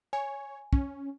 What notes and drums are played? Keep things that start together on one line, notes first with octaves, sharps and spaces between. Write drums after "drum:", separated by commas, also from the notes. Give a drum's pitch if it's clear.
C#5 G#5
C#4, drum: kick